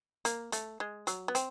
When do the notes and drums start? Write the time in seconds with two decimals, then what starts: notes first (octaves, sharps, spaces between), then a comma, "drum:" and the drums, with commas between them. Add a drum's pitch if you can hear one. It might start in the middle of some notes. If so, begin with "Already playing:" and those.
0.25 A#3, drum: hi-hat
0.52 A3, drum: hi-hat
0.80 G#3
1.07 F#3, drum: hi-hat
1.28 B3
1.35 C4, drum: hi-hat